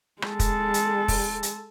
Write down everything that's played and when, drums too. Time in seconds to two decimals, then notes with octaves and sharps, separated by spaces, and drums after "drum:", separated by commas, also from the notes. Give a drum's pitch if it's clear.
0.22 G#3 A4, drum: rim click
0.39 drum: kick, hi-hat
0.74 drum: hi-hat
1.08 drum: kick, open hi-hat
1.43 drum: hi-hat